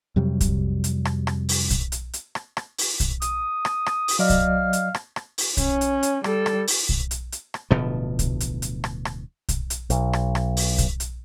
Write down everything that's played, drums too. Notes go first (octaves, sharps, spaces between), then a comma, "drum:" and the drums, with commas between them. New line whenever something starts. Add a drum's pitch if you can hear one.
F2 C3 F#3 G3
drum: kick, hi-hat
drum: hi-hat
drum: rim click
drum: rim click
drum: open hi-hat
drum: kick, hi-hat
drum: hi-hat
drum: hi-hat
drum: rim click
drum: rim click
drum: open hi-hat
drum: kick, hi-hat
D#6, drum: hi-hat
drum: rim click
drum: rim click
drum: open hi-hat
F#3 D5 D#5 F5
drum: kick, hi-hat
drum: hi-hat
drum: rim click
drum: rim click
drum: open hi-hat
C#4, drum: kick, hi-hat
drum: hi-hat
drum: hi-hat
G3 A4, drum: rim click
drum: rim click
drum: open hi-hat
drum: kick
drum: hi-hat
drum: hi-hat
drum: rim click
D1 D2 B2 F3
drum: kick, hi-hat
drum: hi-hat
drum: hi-hat
drum: rim click
drum: rim click
drum: kick, hi-hat
drum: hi-hat
B1, drum: hi-hat
drum: rim click
drum: rim click
drum: open hi-hat
drum: kick, hi-hat
drum: hi-hat